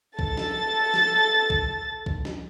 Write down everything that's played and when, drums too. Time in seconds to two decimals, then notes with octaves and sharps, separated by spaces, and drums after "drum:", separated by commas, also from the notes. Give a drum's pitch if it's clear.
0.19 A4 A6, drum: kick B1
0.37 drum: snare
0.94 drum: snare
1.50 drum: kick B1
2.06 drum: kick B1
2.25 drum: snare